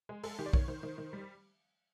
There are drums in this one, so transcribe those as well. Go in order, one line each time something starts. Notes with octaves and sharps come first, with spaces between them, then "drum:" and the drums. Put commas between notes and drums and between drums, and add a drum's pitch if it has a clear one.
G#3
G#3 A4, drum: open hi-hat
D#3 G4
D5
D#3 C#5, drum: kick
D#3 C5
D#3
D#3
G3